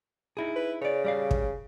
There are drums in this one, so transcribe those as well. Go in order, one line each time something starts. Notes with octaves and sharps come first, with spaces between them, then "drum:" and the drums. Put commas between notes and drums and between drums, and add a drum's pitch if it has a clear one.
D#4 E4 G#4
B4
C#3 C#5 D5
G3 D5 F5
drum: kick